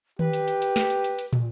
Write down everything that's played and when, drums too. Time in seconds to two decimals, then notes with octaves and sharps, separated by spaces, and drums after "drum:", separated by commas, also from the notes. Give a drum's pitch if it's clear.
0.19 G4 B4, drum: tom D#3
0.33 drum: hi-hat
0.48 drum: hi-hat
0.62 drum: hi-hat
0.76 drum: snare
0.90 drum: hi-hat
1.04 drum: hi-hat
1.18 drum: hi-hat
1.33 drum: tom